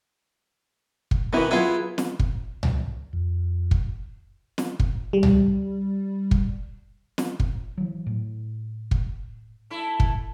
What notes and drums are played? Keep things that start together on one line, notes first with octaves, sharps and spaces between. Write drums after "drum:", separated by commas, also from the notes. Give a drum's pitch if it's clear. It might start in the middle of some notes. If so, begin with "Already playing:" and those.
drum: kick
B2 D#3 E3 B3 E4
F#3 B3 E4 F4 G#4
drum: snare
drum: kick
drum: tom C2
F2
drum: kick
drum: snare
drum: kick
G3
drum: tom C2
drum: kick
drum: snare
drum: kick
E3 F#3
A2
drum: kick
A3 E4
drum: kick